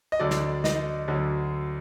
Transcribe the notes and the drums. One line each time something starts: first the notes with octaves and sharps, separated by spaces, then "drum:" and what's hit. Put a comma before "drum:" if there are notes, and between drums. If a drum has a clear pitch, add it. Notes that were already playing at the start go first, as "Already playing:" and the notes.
D#5
D2 D3 F#3 D5
drum: snare
D#5, drum: snare
D2 D3 F#3